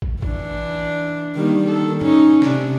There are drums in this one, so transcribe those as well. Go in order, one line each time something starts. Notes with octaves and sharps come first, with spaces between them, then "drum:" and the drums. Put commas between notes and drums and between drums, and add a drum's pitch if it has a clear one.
drum: kick
E3 D4, drum: kick
D#3 G3 A#3
D#3 A4
C#4 D#4, drum: tom G#2
C3 D4, drum: snare